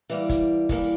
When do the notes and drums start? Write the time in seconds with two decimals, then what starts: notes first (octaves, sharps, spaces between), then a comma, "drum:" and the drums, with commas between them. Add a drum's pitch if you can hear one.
0.10 E3 G3 A#3
0.29 drum: kick F#1, hi-hat
0.69 E3 G3 A#3, drum: kick F#1, open hi-hat